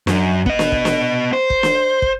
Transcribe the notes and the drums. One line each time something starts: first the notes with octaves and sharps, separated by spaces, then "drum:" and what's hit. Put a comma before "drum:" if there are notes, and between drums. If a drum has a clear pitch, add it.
F#2, drum: snare
B3 D#5, drum: kick
drum: snare
drum: kick
drum: snare
C5
drum: kick
drum: snare
drum: kick